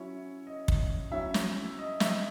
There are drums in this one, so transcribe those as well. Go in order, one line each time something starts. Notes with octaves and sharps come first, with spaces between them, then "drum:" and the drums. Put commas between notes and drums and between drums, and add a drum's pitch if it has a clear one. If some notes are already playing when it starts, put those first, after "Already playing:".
Already playing: F#3 C#4 E4 C#5
D#5
drum: kick
F#3 C#4 E4 E5
drum: snare
D#5
E5, drum: snare